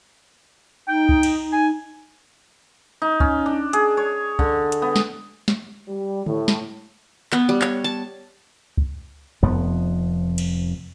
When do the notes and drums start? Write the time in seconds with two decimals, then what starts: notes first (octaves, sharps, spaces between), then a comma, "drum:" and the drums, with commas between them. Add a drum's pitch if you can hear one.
0.88 D#4 G5
1.09 drum: kick C2
1.23 drum: cymbal
1.52 G#5
3.02 D#4
3.20 C#4, drum: kick C2
3.46 D4
3.73 G#4, drum: hi-hat
3.97 C#5
4.39 D3, drum: kick C2
4.72 drum: hi-hat
4.82 B3
4.96 drum: snare
5.48 drum: snare
5.88 G3
6.26 A2, drum: tom D3
6.48 drum: snare
7.32 B3, drum: clap
7.49 G3
7.62 C#5, drum: clap
7.84 A5
8.77 drum: kick C2
9.43 F1 F2 F3 B3
10.38 drum: cymbal